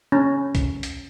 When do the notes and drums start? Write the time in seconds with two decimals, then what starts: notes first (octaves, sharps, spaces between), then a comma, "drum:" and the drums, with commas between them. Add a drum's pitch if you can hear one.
0.12 C#4
0.55 drum: kick B1, hi-hat
0.83 drum: hi-hat